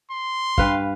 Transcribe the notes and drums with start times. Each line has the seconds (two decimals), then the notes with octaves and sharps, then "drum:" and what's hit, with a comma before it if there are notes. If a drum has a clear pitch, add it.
0.11 C6
0.58 G2 B4 F5, drum: kick